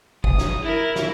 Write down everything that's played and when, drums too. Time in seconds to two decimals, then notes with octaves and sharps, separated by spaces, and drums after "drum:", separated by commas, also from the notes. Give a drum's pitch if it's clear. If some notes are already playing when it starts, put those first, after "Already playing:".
0.24 D#6, drum: kick
0.38 drum: snare
0.63 E4 A#4
0.96 drum: snare